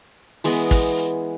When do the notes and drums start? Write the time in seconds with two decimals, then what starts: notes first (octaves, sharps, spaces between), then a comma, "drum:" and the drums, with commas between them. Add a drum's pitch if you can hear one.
0.44 E3 G#3 B3, drum: open hi-hat
0.71 drum: kick, open hi-hat
0.98 drum: hi-hat